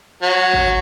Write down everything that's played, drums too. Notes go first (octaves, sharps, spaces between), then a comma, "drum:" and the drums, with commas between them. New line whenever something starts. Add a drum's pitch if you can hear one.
F#3
drum: kick G#1